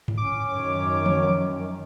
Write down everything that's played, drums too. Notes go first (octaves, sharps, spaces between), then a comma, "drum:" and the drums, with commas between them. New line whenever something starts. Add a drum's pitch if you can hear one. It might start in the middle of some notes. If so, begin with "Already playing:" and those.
drum: tom G#2
C#4 D6
F#2 D#3 C#5
drum: tom E3